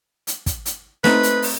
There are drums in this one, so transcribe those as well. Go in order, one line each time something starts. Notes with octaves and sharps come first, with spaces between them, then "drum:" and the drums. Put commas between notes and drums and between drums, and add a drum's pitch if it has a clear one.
drum: hi-hat
drum: kick, hi-hat
drum: hi-hat
A3 C4 D#4 B4, drum: snare
drum: hi-hat
drum: open hi-hat